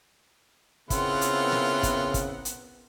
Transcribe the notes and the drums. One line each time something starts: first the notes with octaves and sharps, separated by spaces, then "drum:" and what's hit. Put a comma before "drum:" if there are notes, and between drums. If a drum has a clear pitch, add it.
C#3 B3 C4 E4 F4 A#4 F#5, drum: kick, hi-hat
drum: hi-hat
drum: snare
drum: kick, hi-hat
drum: kick, hi-hat
drum: hi-hat